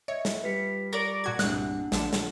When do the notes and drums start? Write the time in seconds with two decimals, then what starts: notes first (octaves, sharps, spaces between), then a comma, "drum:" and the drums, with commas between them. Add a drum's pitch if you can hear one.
0.08 C#5 D#5 E5
0.25 drum: snare
0.44 G3 F4 B4 B6 C#7
0.93 A#4 D5 C#6 A6 C#7
1.24 A#2 F#4 A4 G#6
1.39 G1 C2 A#3 D4 F#5 F#6, drum: snare
1.92 A#1 D3 F3 A3 E7, drum: snare
2.13 drum: snare